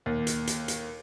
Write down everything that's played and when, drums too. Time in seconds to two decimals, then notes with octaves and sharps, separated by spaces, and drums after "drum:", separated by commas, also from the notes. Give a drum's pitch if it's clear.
0.06 D#2
0.27 drum: hi-hat
0.47 drum: hi-hat
0.68 drum: hi-hat